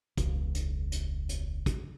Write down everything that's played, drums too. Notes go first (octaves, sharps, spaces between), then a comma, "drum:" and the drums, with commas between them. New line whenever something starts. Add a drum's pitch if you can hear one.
E1 C#2, drum: kick, hi-hat
drum: hi-hat
drum: hi-hat
drum: hi-hat
drum: kick, hi-hat